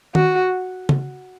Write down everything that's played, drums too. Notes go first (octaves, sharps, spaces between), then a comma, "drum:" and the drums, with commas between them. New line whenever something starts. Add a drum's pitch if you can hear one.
F#4, drum: tom D#3
drum: tom C#3